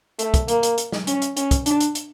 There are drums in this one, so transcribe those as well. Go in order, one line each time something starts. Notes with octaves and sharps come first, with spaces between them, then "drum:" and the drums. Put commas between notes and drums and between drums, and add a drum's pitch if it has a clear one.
A3, drum: hi-hat
drum: kick, hi-hat
A#3, drum: hi-hat
drum: hi-hat
drum: hi-hat
drum: snare
C#4, drum: hi-hat
drum: hi-hat
C#4, drum: hi-hat
drum: kick, hi-hat
D4, drum: hi-hat
drum: hi-hat
drum: hi-hat